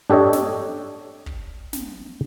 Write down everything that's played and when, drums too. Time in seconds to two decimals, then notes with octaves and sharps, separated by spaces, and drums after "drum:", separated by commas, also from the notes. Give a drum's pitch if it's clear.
0.10 D4 G4 A4 C#5 D#5
0.33 drum: snare
1.26 drum: kick
1.73 drum: snare